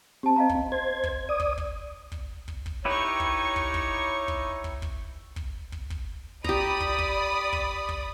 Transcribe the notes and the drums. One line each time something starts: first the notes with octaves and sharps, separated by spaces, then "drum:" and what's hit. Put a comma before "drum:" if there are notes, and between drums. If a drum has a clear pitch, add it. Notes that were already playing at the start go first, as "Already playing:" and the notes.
C4 G4 A5
D#5 F5 A#5
drum: kick
C5 G#6
drum: kick
D5 D#6
drum: kick
drum: kick
drum: kick
drum: kick
drum: kick
D#4 E4 G4 B4 C#5 C#6
drum: kick
drum: kick
drum: kick
drum: kick
drum: kick
drum: kick
drum: kick
drum: kick
drum: kick
G4 D5 A#5 B5 D#6, drum: kick
drum: kick
drum: kick
drum: kick
drum: kick